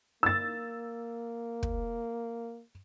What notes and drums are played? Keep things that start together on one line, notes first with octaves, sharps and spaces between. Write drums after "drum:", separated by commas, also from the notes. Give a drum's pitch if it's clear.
A#3 E6 A6
drum: kick